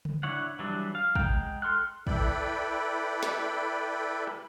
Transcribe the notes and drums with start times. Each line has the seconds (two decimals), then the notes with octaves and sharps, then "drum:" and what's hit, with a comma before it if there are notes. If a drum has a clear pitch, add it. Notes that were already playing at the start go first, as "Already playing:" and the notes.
0.05 drum: tom C#3
0.23 D4 E4 C#5 F#5
0.59 E3 F#3 G3 D4
0.95 F5
1.15 G#3 F#5 G5 A#5 G6, drum: kick
1.62 A4 C6 F6 F#6
2.07 E4 A4 B4 D5 G5 B5, drum: kick
3.23 drum: snare
4.27 drum: rim click